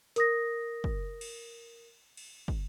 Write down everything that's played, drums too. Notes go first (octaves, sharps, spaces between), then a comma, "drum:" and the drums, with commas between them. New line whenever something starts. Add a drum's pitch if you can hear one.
A#4 D#6 A#6, drum: hi-hat
drum: kick
drum: cymbal
drum: cymbal
drum: kick